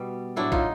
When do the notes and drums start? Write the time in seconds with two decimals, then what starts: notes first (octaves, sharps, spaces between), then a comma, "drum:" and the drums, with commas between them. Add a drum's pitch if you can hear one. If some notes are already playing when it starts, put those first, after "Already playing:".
Already playing: B2 G3
0.36 A2 F#3 D4 E4
0.52 D#4 F4, drum: kick